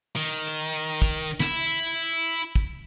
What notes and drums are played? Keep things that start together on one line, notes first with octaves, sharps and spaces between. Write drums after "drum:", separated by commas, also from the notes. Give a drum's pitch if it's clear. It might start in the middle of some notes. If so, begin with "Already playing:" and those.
D#3
drum: hi-hat
drum: kick
E4, drum: snare
drum: kick